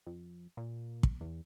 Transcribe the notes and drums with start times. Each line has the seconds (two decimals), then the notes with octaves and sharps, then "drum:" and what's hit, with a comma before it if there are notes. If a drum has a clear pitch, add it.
0.07 F2
0.57 A#2
1.03 drum: kick
1.21 E2